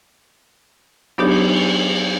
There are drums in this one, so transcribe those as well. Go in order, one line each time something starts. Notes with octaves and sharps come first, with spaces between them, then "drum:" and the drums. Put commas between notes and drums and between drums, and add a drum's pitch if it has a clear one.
F#3 B3 D4 D#4 G4, drum: cymbal